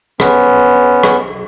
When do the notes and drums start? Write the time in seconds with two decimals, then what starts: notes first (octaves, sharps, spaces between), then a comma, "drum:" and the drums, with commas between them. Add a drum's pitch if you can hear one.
0.20 B3 C#4, drum: rim click
1.03 drum: rim click